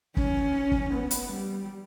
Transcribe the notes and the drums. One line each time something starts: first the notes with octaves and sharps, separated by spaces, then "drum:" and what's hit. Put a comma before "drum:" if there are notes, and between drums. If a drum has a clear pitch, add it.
C#4, drum: kick F#1
drum: kick F#1
B3
drum: hi-hat
G3